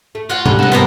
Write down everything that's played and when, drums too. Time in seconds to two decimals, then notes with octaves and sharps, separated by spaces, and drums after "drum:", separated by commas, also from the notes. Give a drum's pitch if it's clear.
0.15 A3
0.30 F4 F#4 F#5
0.46 G#2 D3 G3 D4, drum: tom B2
0.59 C2 C3 A4 D#5
0.72 G2 B3 D4 A#4 C5 A#5 D#6